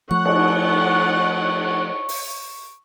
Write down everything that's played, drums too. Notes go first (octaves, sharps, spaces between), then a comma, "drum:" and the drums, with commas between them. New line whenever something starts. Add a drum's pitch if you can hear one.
F3 A3 C#5 F#5 C#6
drum: cymbal
drum: open hi-hat